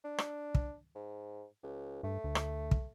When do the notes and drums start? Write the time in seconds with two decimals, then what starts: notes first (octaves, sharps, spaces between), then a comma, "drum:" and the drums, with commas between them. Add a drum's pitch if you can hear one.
0.04 D4
0.18 drum: rim click
0.55 drum: kick
0.95 G#2
1.63 C#2
2.03 G2 A3
2.24 D2
2.35 drum: rim click
2.71 drum: kick